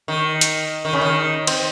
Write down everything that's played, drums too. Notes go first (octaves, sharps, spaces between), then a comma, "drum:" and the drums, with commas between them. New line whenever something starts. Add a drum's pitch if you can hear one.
D#3
drum: hi-hat
D#3
C#3
D#3
C4, drum: cymbal